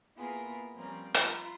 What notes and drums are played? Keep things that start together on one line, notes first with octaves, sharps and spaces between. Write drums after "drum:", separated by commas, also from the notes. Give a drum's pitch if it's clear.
A#3 B3 E4 F4 G#4 A#4
F3 G3 C4 C#4 A#4
F4 A#5 B5, drum: hi-hat